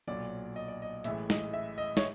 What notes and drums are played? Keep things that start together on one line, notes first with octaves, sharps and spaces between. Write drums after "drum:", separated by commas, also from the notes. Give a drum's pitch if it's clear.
B1 A#2 F#3 D5
D#5
D5
D#5
A1 A2 E3 G#3 E5, drum: hi-hat
D#5, drum: snare
E5
D#5
C#5, drum: snare